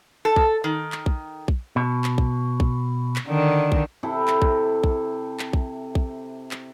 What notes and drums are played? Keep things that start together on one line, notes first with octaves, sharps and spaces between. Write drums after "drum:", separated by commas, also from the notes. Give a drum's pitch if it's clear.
A4
drum: kick A#1
D#3
drum: clap
drum: kick A#1
drum: kick A#1
B2
drum: clap
drum: kick A#1
drum: kick A#1
drum: clap
D3 D#3 D4
drum: kick A#1
C3 E4 A4
drum: clap
drum: kick A#1
drum: kick A#1
drum: clap
drum: kick A#1
drum: kick A#1
drum: clap